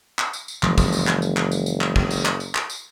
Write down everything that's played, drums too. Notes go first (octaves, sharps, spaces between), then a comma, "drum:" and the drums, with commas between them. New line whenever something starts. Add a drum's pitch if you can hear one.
drum: clap
drum: tambourine
drum: tambourine
F#1 E3 F3 G#3, drum: clap
drum: kick, tambourine
drum: tambourine
drum: clap
drum: tambourine
drum: clap
drum: tambourine
drum: tambourine
drum: clap
drum: kick
drum: tambourine
drum: clap
drum: tambourine
drum: clap
drum: tambourine